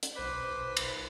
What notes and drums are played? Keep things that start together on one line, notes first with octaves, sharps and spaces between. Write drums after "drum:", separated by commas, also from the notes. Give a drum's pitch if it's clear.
drum: hi-hat
B1 B4 C5 D6 B6
drum: cymbal